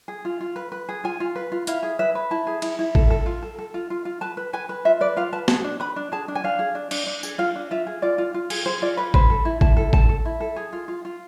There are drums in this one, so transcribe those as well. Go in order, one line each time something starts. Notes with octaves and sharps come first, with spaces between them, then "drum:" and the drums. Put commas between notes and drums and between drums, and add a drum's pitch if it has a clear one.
G#4
F4
F4
B4
B4
G#4
F4 G#5
F4
B4
F4
E4 F5, drum: hi-hat
G#4
B4 E5
B4
E4 A5
G#4
E4, drum: cymbal
E4
A4, drum: kick A1
A4
F4
A4
A4
F4
F4
F4
B4 A5
B4
B4 G#5
B4
F4 E5
B4 D5
F4 F5
B4 A5
G#4 A5, drum: snare
D4
B4 B5
D4
G#4 A5
D4
G#5
D4 F5
G#4
D4
D4, drum: cymbal
D4
G#4, drum: tambourine
F4 F5
D4
F4 E5
G#4
F4 D5
F4
F4
G#4, drum: cymbal
G#4 C5
F4 D5
G#4 B4
B4 C5, drum: kick A1
A4
E4
E4 A5, drum: kick A1
A4
A4 A5, drum: kick A1
A4
E4
A4
G#4
F4
F4
F4